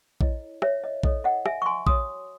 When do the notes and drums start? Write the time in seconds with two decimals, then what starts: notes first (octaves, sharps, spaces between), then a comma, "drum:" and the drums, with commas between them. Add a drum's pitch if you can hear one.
0.21 E4 A4 C#5 D#5, drum: kick A#1
0.62 C#5 E5, drum: rim click
0.84 D#5
1.03 E4 A4 C#5 D#5, drum: kick A#1
1.24 D#5 F#5
1.46 E5 G#5, drum: rim click
1.62 C#6
1.66 G#5 C6
1.87 F#4 C#5 C6 D#6, drum: kick A#1